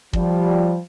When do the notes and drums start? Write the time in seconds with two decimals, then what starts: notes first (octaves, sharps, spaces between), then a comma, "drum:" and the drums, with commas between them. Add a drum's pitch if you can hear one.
0.13 F3 G3, drum: kick